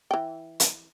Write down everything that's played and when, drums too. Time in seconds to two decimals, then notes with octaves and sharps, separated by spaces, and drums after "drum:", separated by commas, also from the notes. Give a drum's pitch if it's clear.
0.11 E3 G5
0.60 drum: hi-hat